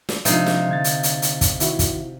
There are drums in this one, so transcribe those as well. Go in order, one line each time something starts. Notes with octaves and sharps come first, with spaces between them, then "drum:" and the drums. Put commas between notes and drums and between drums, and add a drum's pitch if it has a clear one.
drum: snare
C3 F3 G#3 D4 D#4 F4, drum: hi-hat
drum: snare
D3 G#6 A6
drum: hi-hat
drum: hi-hat
drum: hi-hat
drum: kick, hi-hat
D#3 E4 F#4, drum: hi-hat
drum: kick, hi-hat